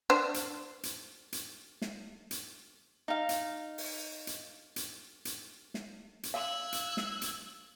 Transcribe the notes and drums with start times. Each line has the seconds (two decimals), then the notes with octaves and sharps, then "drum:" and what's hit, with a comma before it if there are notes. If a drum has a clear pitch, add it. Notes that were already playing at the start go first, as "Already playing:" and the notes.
0.10 D4 C5
0.34 drum: hi-hat
0.83 drum: hi-hat
1.32 drum: hi-hat
1.82 drum: snare
2.31 drum: hi-hat
3.08 D#4 F5
3.29 drum: hi-hat
3.78 drum: open hi-hat
4.27 drum: hi-hat
4.76 drum: hi-hat
5.25 drum: hi-hat
5.74 drum: snare
6.23 drum: hi-hat
6.34 F5 E6 F#6 G#6
6.72 drum: hi-hat
6.97 drum: snare
7.22 drum: hi-hat